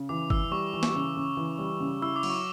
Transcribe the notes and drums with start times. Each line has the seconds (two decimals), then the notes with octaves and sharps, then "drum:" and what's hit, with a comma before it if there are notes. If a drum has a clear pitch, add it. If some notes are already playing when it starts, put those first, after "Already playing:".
Already playing: C#3
0.09 E3 D6
0.30 E3 E6, drum: kick
0.51 G3 C#6
0.74 E3
0.83 drum: snare
0.95 C#3
1.17 C#3
1.37 E3
1.59 G3
1.80 C#3
2.02 E4 E6
2.16 D6
2.23 F#3, drum: cymbal
2.30 C#6